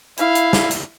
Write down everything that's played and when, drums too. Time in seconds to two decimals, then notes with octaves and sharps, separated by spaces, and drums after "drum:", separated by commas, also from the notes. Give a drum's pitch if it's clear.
0.18 E4 F5, drum: hi-hat
0.35 drum: hi-hat
0.53 drum: snare
0.71 drum: hi-hat